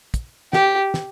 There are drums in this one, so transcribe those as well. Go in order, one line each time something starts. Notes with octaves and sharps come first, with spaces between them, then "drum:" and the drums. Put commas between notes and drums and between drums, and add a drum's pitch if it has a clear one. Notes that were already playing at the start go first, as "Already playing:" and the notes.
drum: kick, hi-hat
G4, drum: snare
drum: snare